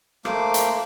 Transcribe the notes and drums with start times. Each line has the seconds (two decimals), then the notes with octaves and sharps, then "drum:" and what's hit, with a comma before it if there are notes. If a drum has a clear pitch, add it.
0.25 A3 A#3 C5 D6, drum: rim click
0.54 drum: hi-hat